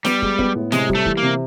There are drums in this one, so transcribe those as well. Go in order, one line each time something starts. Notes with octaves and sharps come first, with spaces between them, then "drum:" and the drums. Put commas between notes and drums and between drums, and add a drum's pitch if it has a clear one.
G3 B3, drum: snare
G#3, drum: kick
B3, drum: kick
A2
C3 G#3, drum: snare
G3, drum: kick
A3
E3, drum: kick
A#3
C3